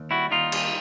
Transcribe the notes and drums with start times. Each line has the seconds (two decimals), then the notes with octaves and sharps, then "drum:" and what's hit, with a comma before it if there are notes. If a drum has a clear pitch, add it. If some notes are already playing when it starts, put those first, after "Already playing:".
Already playing: D#2
0.11 G3 E4 F#4
0.31 D#2 D#4 F4
0.52 G3, drum: cymbal